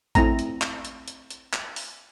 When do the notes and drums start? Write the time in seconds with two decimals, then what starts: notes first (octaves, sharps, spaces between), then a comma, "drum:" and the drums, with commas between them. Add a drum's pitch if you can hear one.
0.15 A3 C4 E4 A#5, drum: kick A1, hi-hat
0.39 drum: hi-hat
0.62 drum: clap
0.85 drum: hi-hat
1.08 drum: hi-hat
1.30 drum: hi-hat
1.53 drum: clap
1.76 drum: open hi-hat